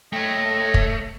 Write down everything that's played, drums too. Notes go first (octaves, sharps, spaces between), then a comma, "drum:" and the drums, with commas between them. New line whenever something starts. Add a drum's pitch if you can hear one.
A3 C#5 D#5 G5
drum: kick